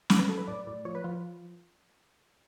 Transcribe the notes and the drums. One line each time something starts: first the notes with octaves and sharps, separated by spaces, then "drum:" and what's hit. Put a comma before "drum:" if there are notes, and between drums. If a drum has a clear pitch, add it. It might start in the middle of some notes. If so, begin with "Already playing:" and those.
F#3, drum: snare
B4
F#3 A4
B4
A2 D5
A2
F3 C#5
B4
F3 F4